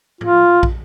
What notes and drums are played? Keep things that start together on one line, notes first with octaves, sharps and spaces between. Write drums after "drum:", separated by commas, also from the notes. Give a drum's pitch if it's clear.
F4, drum: tom A2
drum: kick